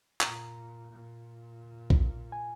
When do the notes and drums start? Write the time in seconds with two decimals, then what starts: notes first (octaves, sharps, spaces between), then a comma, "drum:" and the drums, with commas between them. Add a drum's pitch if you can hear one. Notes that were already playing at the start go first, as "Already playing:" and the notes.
0.21 A#2 A#5, drum: clap
0.91 A#2
1.90 drum: kick A#1
2.32 G#5